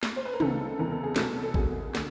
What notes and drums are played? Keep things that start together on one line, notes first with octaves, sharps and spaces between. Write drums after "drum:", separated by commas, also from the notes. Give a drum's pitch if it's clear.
drum: snare
C5
B4
A#4
C#2 C#3 E3 A4, drum: tom
E2 C3 E3 A#4
A4
G#4
C2 B2 F#3 A4, drum: snare
A4
C2 B2 F#3 G#4, drum: kick A1
D3, drum: snare